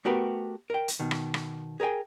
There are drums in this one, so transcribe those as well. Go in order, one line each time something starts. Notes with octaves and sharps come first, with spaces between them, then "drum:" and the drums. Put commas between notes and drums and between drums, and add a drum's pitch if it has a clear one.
A3 B3 F#4 G4 A#4 B4
A#4 G5
drum: hi-hat
B2 D#3
drum: rim click
drum: rim click
G#4 A#4 C5 G5 G#5